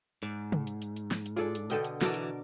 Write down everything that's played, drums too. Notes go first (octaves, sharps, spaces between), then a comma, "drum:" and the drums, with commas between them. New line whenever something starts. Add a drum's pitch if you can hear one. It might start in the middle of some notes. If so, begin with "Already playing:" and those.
G#2 D5
drum: tom C3
drum: hi-hat
drum: hi-hat
drum: hi-hat
drum: snare
drum: hi-hat
D4 F4 G#4 A4 D5
drum: hi-hat
B2 D3 A4 G5 D#6, drum: hi-hat
drum: hi-hat
B2 E3 F#4 A4 A#4 A5 D6, drum: snare
drum: hi-hat